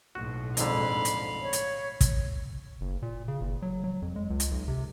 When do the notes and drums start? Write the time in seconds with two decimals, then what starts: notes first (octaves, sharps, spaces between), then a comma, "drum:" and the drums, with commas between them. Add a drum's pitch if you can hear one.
0.15 B1 A2 F#4
0.57 F2 G#2 D3 F5 B5, drum: hi-hat
1.05 drum: hi-hat
1.42 C#5
1.53 drum: hi-hat
2.01 drum: kick, hi-hat
2.81 F#1
3.02 A#2
3.28 C#3
3.41 F#1
3.62 F#3
3.84 F#3
4.02 F2
4.16 G#3
4.30 C#2
4.40 drum: hi-hat
4.51 B1
4.68 C3